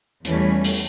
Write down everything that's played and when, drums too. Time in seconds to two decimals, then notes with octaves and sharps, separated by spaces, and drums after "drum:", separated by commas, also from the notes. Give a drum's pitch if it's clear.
0.25 E2 E3 G3 A3 C#4, drum: hi-hat
0.64 drum: open hi-hat